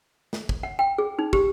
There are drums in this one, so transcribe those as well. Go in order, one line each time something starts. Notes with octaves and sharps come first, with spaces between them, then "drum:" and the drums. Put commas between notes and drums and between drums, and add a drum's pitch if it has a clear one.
drum: snare
drum: kick
F#5
G5
G#4
D#4
G4, drum: kick